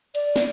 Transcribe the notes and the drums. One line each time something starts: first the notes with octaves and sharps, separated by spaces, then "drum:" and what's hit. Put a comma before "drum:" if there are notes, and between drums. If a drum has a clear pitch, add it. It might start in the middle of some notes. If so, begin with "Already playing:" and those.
D5, drum: cymbal
drum: snare